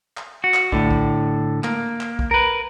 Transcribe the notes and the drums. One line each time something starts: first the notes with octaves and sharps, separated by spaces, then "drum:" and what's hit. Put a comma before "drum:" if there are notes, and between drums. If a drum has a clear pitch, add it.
drum: clap
F#4
drum: clap
A2 D3, drum: kick
drum: kick
A#3, drum: clap
drum: clap
drum: kick
A#4 B4